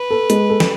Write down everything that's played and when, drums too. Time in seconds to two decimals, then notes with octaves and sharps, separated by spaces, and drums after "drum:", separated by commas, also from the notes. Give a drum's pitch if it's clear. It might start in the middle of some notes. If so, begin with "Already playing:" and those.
Already playing: B4
0.11 A4
0.30 G#3, drum: hi-hat
0.50 A4
0.60 drum: snare